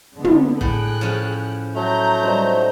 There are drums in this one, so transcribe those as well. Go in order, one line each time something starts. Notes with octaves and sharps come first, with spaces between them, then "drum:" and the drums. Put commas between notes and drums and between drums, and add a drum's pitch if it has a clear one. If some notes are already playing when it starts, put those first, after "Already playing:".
D3 G#3 B3
drum: tom
A2 G#4 G5 F#6, drum: kick
F3 C#4
F#3 A3 A#5 G6
G3 D#4 C5